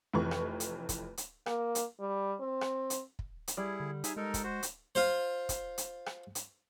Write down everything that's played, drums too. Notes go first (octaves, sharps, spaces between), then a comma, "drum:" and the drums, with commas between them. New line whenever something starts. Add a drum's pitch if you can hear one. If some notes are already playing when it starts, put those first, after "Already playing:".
F1 F2 E3 B4 C#6
drum: rim click
drum: hi-hat
drum: kick, hi-hat
drum: hi-hat
A#3, drum: rim click
drum: hi-hat
G3
C4
drum: rim click
drum: hi-hat
drum: kick
drum: hi-hat
G3 E4 G#4
D3
D#4 G#4 E5 G#5, drum: hi-hat
G#3 D#4 A4 A#4
drum: kick, hi-hat
F#4 C5
drum: hi-hat
F4 C5
drum: kick, hi-hat
drum: hi-hat
drum: rim click
drum: hi-hat